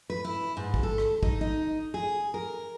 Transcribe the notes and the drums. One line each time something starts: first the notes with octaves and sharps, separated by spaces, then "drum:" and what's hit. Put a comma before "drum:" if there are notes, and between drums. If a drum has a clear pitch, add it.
B4
E4
G#2
drum: kick
A4
drum: rim click
D#4, drum: kick
D#4
G#4
A#4